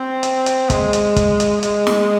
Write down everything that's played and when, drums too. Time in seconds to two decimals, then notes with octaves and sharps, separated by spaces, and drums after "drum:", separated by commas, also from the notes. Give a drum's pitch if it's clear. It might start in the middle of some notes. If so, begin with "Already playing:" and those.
Already playing: C4
0.23 drum: hi-hat
0.46 drum: hi-hat
0.70 G#3, drum: kick, hi-hat
0.93 drum: hi-hat
1.16 drum: kick, hi-hat
1.40 drum: hi-hat
1.63 G#3, drum: hi-hat
1.87 drum: snare